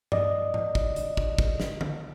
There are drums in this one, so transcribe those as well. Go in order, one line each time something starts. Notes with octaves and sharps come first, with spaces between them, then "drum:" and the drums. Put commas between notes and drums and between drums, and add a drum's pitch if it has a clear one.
D5 D#5, drum: tom G2
drum: tom G#2
drum: kick
drum: hi-hat
drum: kick
drum: kick
drum: snare
drum: tom D3